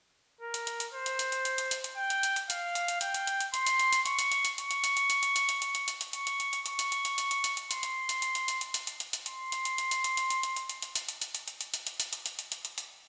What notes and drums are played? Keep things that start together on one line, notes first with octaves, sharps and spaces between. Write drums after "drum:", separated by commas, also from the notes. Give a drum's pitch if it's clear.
A#4
drum: hi-hat
drum: hi-hat
drum: hi-hat
C5
drum: hi-hat
drum: hi-hat
drum: hi-hat
drum: hi-hat
drum: hi-hat
drum: hi-hat
drum: hi-hat
G5
drum: hi-hat
drum: hi-hat
drum: hi-hat
F5, drum: hi-hat
drum: hi-hat
drum: hi-hat
G5, drum: hi-hat
drum: hi-hat
drum: hi-hat
drum: hi-hat
C6, drum: hi-hat
drum: hi-hat
drum: hi-hat
drum: hi-hat
C#6, drum: hi-hat
drum: hi-hat
drum: hi-hat
drum: hi-hat
C#6, drum: hi-hat
drum: hi-hat
drum: hi-hat
drum: hi-hat
drum: hi-hat
drum: hi-hat
drum: hi-hat
drum: hi-hat
drum: hi-hat
drum: hi-hat
drum: hi-hat
drum: hi-hat
C#6, drum: hi-hat
drum: hi-hat
drum: hi-hat
drum: hi-hat
C#6, drum: hi-hat
drum: hi-hat
drum: hi-hat
drum: hi-hat
drum: hi-hat
drum: hi-hat
drum: hi-hat
drum: hi-hat
C6, drum: hi-hat
drum: hi-hat
drum: hi-hat
drum: hi-hat
drum: hi-hat
drum: hi-hat
drum: hi-hat
drum: hi-hat
drum: hi-hat
drum: hi-hat
drum: hi-hat
C6, drum: hi-hat
drum: hi-hat
drum: hi-hat
drum: hi-hat
drum: hi-hat
drum: hi-hat
drum: hi-hat
drum: hi-hat
drum: hi-hat
drum: hi-hat
drum: hi-hat
drum: hi-hat
drum: hi-hat
drum: hi-hat
drum: hi-hat
drum: hi-hat
drum: hi-hat
drum: hi-hat
drum: hi-hat
drum: hi-hat
drum: hi-hat
drum: hi-hat
drum: hi-hat
drum: hi-hat
drum: hi-hat
drum: hi-hat
drum: hi-hat